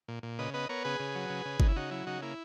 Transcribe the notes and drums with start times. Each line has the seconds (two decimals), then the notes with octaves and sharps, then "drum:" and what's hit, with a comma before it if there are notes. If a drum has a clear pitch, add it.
0.08 A#2
0.23 A#2
0.39 C#3 B4 D#5
0.54 B3 B4 D#5
0.69 B3 A#4 C#5
0.85 C#3 G#4 B4
1.00 C#3
1.15 F#3
1.30 C#3
1.45 C#3
1.60 C#3 D#4, drum: kick G1
1.68 E4
1.76 C#3 D#4 F#4
1.91 F#3 E4
2.07 C#3 D#4 F#4
2.22 A#3 E4